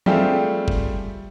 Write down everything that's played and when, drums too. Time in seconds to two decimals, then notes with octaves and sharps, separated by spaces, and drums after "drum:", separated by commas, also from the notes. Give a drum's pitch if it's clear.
0.06 G3 A3 C4 F4 G4 G#4, drum: tom E3
0.68 drum: kick